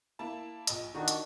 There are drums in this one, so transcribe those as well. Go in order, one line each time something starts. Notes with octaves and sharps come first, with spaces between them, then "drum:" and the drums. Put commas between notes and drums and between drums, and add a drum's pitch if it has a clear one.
A#3 E4 A5
A#1 D#5, drum: hi-hat
D#3 D4 D#4 F#4
drum: hi-hat